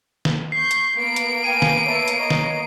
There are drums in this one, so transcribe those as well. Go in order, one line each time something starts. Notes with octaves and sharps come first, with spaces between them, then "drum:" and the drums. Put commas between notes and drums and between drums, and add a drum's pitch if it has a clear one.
drum: snare
C#6 G6 C7
drum: hi-hat
A#3 B3 D7
drum: hi-hat
F5 G5 G#5 D#7
drum: snare
C#5 E5 A5
drum: hi-hat
C#5 D#5 A#5
drum: snare